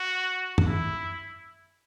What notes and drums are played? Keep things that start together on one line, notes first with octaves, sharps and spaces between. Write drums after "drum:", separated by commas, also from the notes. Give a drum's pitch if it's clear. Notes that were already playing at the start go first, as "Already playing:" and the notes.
Already playing: F#4
drum: tom F#2
E4